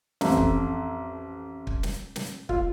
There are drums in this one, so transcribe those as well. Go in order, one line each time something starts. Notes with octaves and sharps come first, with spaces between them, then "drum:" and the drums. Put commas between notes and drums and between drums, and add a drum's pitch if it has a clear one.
A1 F2, drum: snare
drum: kick
drum: kick
drum: snare
drum: snare
F4, drum: kick